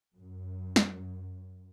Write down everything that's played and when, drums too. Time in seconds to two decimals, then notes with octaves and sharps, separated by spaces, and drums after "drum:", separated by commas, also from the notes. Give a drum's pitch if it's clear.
0.14 F#2
0.76 drum: snare